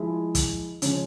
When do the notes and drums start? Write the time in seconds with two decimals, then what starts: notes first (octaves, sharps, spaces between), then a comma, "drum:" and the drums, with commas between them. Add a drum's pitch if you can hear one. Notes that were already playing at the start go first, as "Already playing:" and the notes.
Already playing: F3 G#3 E4
0.35 drum: kick, hi-hat
0.82 C#3 F3 G#3 C#4, drum: hi-hat